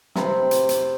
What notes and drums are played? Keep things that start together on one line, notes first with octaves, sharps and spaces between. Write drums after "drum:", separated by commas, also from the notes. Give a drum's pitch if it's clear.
C3 C5 B5, drum: snare
drum: hi-hat
drum: hi-hat